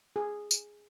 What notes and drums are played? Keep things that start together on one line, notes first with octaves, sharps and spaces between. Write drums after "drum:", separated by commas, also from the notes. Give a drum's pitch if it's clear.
G#4
drum: tambourine